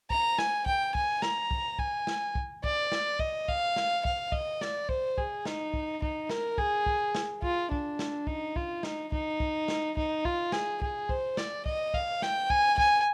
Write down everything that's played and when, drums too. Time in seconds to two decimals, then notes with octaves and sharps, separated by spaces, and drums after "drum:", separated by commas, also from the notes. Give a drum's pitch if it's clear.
0.10 A#5, drum: kick
0.38 G#5, drum: snare
0.66 G5, drum: kick
0.95 G#5, drum: kick
1.22 A#5, drum: snare
1.51 drum: kick
1.79 G#5, drum: kick
2.07 drum: snare
2.35 drum: kick
2.64 D5, drum: kick
2.92 drum: snare
3.19 D#5, drum: kick
3.48 F5, drum: kick
3.76 drum: snare
4.05 F5, drum: kick
4.32 D#5, drum: kick
4.61 D5, drum: snare
4.89 C5, drum: kick
5.18 G#4, drum: kick
5.45 D#4, drum: snare
5.74 drum: kick
6.02 D#4, drum: kick
6.29 A#4, drum: snare
6.58 G#4, drum: kick
6.86 drum: kick
7.15 drum: snare
7.42 F4, drum: kick
7.72 D4, drum: kick
7.99 drum: snare
8.27 D#4, drum: kick
8.56 F4, drum: kick
8.83 D#4, drum: snare
9.12 D#4, drum: kick
9.40 drum: kick
9.68 drum: snare
9.97 D#4, drum: kick
10.25 F4, drum: kick
10.52 G#4, drum: snare
10.82 G#4, drum: kick
11.09 C5, drum: kick
11.37 D5, drum: snare
11.66 D#5, drum: kick
11.94 F5, drum: kick
12.22 G5, drum: snare
12.50 G#5, drum: kick
12.78 G#5, drum: kick